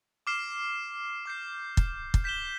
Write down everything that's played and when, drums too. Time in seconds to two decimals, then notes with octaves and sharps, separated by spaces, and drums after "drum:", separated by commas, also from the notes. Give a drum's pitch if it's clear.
0.27 D6 F6 C7 E7
1.25 D6 G6 C7
1.77 drum: kick
2.14 drum: kick
2.24 G6 B6 E7 G7